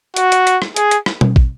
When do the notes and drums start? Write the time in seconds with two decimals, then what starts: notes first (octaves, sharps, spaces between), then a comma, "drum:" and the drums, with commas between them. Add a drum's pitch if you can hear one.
0.16 F#4, drum: hi-hat
0.32 drum: hi-hat
0.47 drum: hi-hat
0.62 drum: rim click
0.76 G#4, drum: hi-hat
0.91 drum: hi-hat
1.06 drum: rim click
1.21 drum: tom B2
1.36 drum: kick